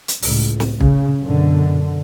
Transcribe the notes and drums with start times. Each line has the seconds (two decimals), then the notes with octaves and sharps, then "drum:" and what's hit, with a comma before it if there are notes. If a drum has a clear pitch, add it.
0.08 drum: hi-hat
0.22 C#2 A2, drum: open hi-hat
0.60 drum: snare
0.81 C#3, drum: kick
1.20 F#2 B2 D3